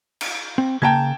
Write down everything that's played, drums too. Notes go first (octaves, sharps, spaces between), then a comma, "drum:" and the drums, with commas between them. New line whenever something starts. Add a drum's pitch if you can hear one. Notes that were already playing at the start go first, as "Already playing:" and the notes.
drum: cymbal
C4
C#3 A#3 G5 A5 A#5 G#6